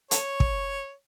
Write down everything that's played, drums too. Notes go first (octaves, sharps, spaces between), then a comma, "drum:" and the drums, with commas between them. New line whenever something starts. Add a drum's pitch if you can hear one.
A4 C#5, drum: hi-hat
drum: kick